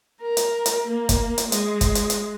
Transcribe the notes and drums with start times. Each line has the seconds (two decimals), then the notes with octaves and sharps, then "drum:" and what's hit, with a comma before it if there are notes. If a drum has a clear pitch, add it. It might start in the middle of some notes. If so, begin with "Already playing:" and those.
0.22 A#4
0.37 drum: hi-hat
0.66 drum: hi-hat
0.87 A#3
1.09 drum: kick, hi-hat
1.38 drum: hi-hat
1.52 G#3, drum: hi-hat
1.81 drum: kick, hi-hat
1.95 drum: hi-hat
2.10 drum: hi-hat